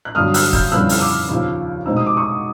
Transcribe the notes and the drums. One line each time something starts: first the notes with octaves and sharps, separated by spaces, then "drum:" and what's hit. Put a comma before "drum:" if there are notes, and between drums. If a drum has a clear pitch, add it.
F#6
G2 D3 F#3 D#6 F6
E6 F#6, drum: open hi-hat
F6 G6, drum: kick
F2 C#3 E3 G3 B3 E6 F#6
F6, drum: open hi-hat
D6 E6
D#2 C#3 F3
B2 G#3 C4 D#4 E6
D#6
D6
C#6 D#6